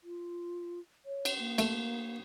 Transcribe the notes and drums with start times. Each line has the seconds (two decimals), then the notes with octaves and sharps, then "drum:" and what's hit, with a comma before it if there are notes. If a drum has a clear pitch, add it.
0.03 F4
1.06 C#5
1.25 drum: cymbal
1.39 A#3
1.58 A3, drum: cymbal